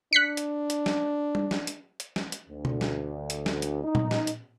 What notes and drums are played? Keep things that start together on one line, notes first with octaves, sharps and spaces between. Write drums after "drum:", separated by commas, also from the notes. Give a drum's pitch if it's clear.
D4 F#6 B6 C#7
drum: hi-hat
drum: hi-hat
drum: snare
drum: tom G3
drum: snare
drum: hi-hat
drum: hi-hat
drum: snare
drum: hi-hat
D2
drum: tom B2
drum: snare
drum: hi-hat
drum: snare
drum: hi-hat
D#4
drum: tom A#2
drum: snare
drum: hi-hat